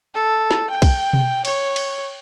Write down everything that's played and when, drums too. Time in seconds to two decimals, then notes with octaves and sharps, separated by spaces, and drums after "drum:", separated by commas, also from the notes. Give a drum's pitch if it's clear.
0.14 A4
0.51 drum: snare
0.70 G5
0.82 drum: kick B1, cymbal
1.13 drum: tom B2
1.45 C#5, drum: cymbal
1.76 drum: cymbal